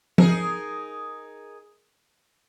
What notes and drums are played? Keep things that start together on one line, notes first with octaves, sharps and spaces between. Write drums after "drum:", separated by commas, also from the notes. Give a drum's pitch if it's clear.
D#4 G#4 A#4, drum: tom F3